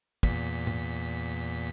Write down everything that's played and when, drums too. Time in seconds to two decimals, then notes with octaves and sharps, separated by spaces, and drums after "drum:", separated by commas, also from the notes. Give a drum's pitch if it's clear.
0.23 E2 A#2 B6, drum: kick
0.67 drum: tom G#2